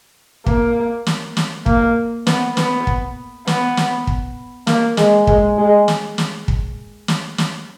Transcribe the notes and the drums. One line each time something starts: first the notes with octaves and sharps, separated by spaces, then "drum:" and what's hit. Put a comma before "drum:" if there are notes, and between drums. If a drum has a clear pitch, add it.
A#3, drum: kick
drum: snare
drum: snare
A#3, drum: kick
B3, drum: snare
B3, drum: snare
drum: kick
B3, drum: snare
drum: snare
drum: kick
A#3, drum: snare
G#3, drum: snare
G#3, drum: kick
G#3
drum: snare
drum: snare
drum: kick
drum: snare
drum: snare